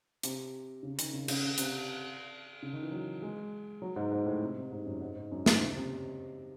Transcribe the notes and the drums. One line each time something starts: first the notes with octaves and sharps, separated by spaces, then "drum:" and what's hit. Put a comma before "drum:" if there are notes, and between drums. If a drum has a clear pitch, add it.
C3, drum: hi-hat
C#3
D#3, drum: hi-hat
C#3
C#3, drum: cymbal
C3, drum: hi-hat
C#3
D#3
E3
F#3
G#3
F#3
G#2
G#2
A2
C3
C3
G#2
F#2
G#2
G#2
F#2
G#2, drum: snare
C#3
C3